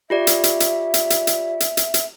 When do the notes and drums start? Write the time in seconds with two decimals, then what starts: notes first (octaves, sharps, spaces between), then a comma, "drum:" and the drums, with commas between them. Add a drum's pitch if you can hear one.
0.10 F4 G4 D5 E5
0.27 drum: hi-hat
0.44 drum: hi-hat
0.60 drum: hi-hat
0.94 drum: hi-hat
1.10 drum: hi-hat
1.27 drum: hi-hat
1.60 drum: hi-hat
1.77 drum: hi-hat
1.94 drum: hi-hat